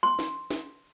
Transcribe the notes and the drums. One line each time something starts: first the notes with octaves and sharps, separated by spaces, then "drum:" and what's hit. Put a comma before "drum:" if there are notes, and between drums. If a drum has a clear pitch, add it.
C6
drum: snare
drum: snare